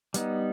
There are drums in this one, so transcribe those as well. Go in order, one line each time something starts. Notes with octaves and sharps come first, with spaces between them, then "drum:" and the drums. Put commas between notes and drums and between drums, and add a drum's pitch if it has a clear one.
G3 B3 D#4, drum: hi-hat